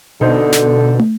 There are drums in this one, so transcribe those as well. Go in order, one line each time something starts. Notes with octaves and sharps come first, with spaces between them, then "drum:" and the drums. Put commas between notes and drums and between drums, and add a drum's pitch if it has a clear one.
B2 D3 D#4 A4 C5
drum: snare
drum: tom